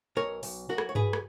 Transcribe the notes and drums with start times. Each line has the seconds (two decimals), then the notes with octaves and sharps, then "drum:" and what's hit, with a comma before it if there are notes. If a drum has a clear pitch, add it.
0.17 B1 A#4 C#5
0.43 B1, drum: open hi-hat
0.69 B1 F#4 A#4
0.78 drum: rim click
0.89 C#5
0.95 B1 G#4 B4, drum: tom G2
1.13 drum: rim click